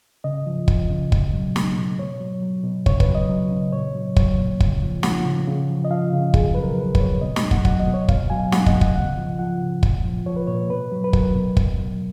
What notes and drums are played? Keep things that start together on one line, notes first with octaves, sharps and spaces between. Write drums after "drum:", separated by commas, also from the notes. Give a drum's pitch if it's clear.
C#3 D#5
F3
F3, drum: kick
C#3
B2, drum: kick
F#3
F#3, drum: snare
B2
B2 C#5
F#3
F#3
B2
C#3 C#5, drum: kick
B4, drum: kick
F#3
D#5
F#3
C#3
A#2 C#5
F#3
F#3 C#5, drum: kick
A#2
C#3, drum: kick
F3
F3 F#5, drum: snare
C#3
C#3
F3
D#5
F3 F5
C#3
B2 G#4, drum: kick
F#3 B4
A#4
F#3 B4
B4, drum: kick
B2 C#5
B2 D#5
D#5, drum: snare
F#3
F#5, drum: kick
F#3 F#5, drum: kick
D#5
B2
C#5
B2 F5, drum: kick
F#3 G#5
F#3 F#5, drum: snare
D#5, drum: kick
B2
F#5, drum: kick
C#3 F#5
F3
F3 F#5
C#3
A#2, drum: kick
F3
F3 C#5
B4
A#2 C#5
B2 B4
F#3
B4
F#3 A#4, drum: kick
B2
B2, drum: kick
F#3